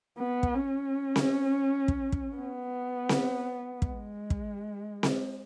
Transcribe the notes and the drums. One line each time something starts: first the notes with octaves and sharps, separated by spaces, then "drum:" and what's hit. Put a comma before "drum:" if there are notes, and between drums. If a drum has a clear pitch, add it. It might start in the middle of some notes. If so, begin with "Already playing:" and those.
B3
drum: kick
C#4
drum: snare C4
drum: kick
drum: kick
B3
drum: snare C4
G#3, drum: kick
drum: kick
drum: snare C4